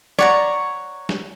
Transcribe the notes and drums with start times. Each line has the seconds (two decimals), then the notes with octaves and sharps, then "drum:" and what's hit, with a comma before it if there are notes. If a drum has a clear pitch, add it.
0.19 C#5 D5 F#5 A#5, drum: snare
1.09 drum: snare